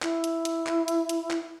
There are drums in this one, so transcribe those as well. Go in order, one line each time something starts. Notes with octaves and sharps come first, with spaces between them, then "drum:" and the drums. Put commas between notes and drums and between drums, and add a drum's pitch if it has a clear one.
E4, drum: clap
drum: hi-hat
drum: hi-hat
drum: clap
drum: hi-hat
drum: hi-hat
drum: clap